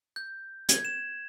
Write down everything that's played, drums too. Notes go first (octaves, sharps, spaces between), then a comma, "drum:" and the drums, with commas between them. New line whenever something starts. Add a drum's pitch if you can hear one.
G6
G#6, drum: hi-hat
E7